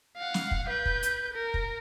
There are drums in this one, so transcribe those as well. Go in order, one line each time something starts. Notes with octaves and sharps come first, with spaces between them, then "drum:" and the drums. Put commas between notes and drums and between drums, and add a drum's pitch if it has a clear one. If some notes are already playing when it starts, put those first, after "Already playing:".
F5 F#5
drum: snare
drum: kick
B4 G6
drum: kick
drum: hi-hat
A#4
drum: kick